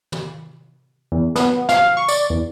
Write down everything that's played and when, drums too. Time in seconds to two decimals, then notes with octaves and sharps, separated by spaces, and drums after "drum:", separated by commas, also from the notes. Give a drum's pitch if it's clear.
0.12 drum: tom
1.12 E2
1.36 B3, drum: snare
1.69 F5, drum: snare
1.97 C#6
2.08 D5, drum: tambourine
2.30 E2